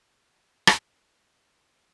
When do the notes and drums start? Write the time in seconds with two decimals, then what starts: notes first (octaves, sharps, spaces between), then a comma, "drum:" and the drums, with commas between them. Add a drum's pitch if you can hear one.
0.23 B2 C#4 F5
0.67 drum: rim click